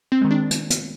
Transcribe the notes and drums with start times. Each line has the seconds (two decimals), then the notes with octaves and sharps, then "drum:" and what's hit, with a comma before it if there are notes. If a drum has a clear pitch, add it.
0.12 C4
0.22 D#3 G#3
0.31 D4
0.51 drum: hi-hat
0.70 drum: hi-hat